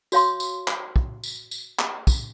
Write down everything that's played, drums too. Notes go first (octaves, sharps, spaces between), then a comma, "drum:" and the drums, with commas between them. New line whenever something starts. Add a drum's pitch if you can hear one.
F#4 C#5 F5 C6, drum: tambourine
drum: tambourine
drum: clap
drum: kick
drum: tambourine
drum: tambourine
drum: clap
drum: kick, tambourine